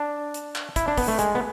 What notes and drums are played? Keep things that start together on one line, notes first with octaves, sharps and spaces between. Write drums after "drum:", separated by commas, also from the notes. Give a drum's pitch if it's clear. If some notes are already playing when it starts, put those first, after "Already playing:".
Already playing: D4
drum: hi-hat
drum: clap
E4, drum: kick, hi-hat
D4
B3, drum: kick, open hi-hat
A3
G#3, drum: hi-hat
B3